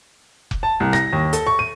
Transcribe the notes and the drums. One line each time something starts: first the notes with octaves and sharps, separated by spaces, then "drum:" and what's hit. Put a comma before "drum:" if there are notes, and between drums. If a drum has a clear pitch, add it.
drum: kick F1
A5
C2
A#6, drum: rim click
D#2
A4, drum: hi-hat
C#6
D#7